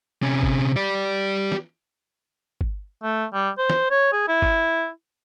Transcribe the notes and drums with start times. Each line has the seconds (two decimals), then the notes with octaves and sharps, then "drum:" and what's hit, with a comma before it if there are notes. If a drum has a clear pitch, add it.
0.22 C3 C#4
0.43 drum: kick G1
0.76 G4 D5
1.52 drum: snare
2.61 drum: kick G1
3.03 A3
3.33 G3
3.58 C5
3.70 drum: snare
3.91 C#5
4.13 G#4
4.28 E4
4.42 drum: kick G1